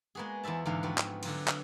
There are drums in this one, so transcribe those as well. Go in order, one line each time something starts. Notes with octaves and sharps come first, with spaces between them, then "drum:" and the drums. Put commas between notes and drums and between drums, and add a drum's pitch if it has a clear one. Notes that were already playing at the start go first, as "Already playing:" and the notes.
G#3 A#3 B3 F#4 G#4
E2 E4 C5 E5 A5
E2 G#2 D3 F#3 F5
F3 B3 C4 F#4
drum: clap
D3 F#3 F4, drum: cymbal
drum: clap